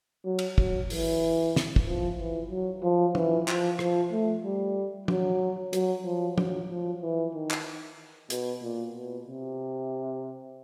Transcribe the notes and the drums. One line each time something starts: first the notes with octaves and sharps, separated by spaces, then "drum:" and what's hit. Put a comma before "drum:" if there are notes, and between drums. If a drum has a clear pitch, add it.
F#3
drum: cymbal
F#3, drum: kick
E3, drum: open hi-hat
drum: snare
drum: kick
F3
E3
F#3
F3
E3, drum: tom
F3, drum: clap
F3, drum: rim click
A3
G3
F#3, drum: tom
F#3, drum: hi-hat
F3
F#3, drum: tom
F3
E3
D#3
drum: clap
B2, drum: hi-hat
A#2
B2
C3